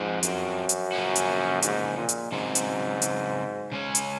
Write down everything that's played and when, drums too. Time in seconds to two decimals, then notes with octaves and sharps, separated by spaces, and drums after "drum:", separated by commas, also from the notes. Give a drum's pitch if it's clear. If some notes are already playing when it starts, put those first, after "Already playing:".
Already playing: G#2 F3 C4 F#4
0.23 F#2, drum: hi-hat
0.69 drum: hi-hat
0.92 C#3 F3 A#3 C#4 F#4
1.16 drum: hi-hat
1.62 G#2, drum: hi-hat
1.97 A#2
2.09 drum: hi-hat
2.31 G#2 C#3 F#3 C4
2.55 drum: hi-hat
3.02 drum: hi-hat
3.72 C#3 G#3 C#4
3.95 drum: hi-hat